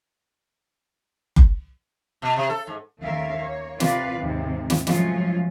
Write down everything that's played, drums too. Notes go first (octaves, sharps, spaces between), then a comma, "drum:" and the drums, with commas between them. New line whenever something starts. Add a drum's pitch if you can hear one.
drum: kick F#1
B2
C3
A4
G#2
D#2 A3 C#4 A#4 E5 F5
A#3 C#5
C3 F4 A#4 B4 D5 F5, drum: snare
D#2 G#2 C3
drum: snare
F3 F#3 G#3 A3 C#4 F4, drum: snare